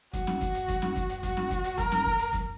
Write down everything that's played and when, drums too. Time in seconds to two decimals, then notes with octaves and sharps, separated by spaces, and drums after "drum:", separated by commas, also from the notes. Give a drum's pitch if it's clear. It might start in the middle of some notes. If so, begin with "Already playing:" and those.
0.13 F#4, drum: kick F#2, hi-hat
0.27 drum: snare C#4
0.41 drum: kick F#2, hi-hat
0.55 drum: hi-hat
0.68 drum: kick F#2, hi-hat
0.82 drum: snare C#4
0.96 drum: kick F#2, hi-hat
1.09 drum: hi-hat
1.23 F#4, drum: kick F#2, hi-hat
1.37 drum: snare C#4
1.51 drum: kick F#2, hi-hat
1.64 drum: hi-hat
1.78 A#4, drum: kick F#2, hi-hat
1.92 drum: snare C#4
2.05 drum: kick F#2
2.19 drum: hi-hat
2.33 drum: kick F#2, hi-hat